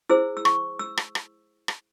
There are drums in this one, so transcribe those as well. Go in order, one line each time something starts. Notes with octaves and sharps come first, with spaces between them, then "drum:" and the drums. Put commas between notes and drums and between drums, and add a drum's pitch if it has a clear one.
E4 G#4 C5 E6
E6
C#6, drum: rim click
E6
drum: rim click
drum: rim click
drum: rim click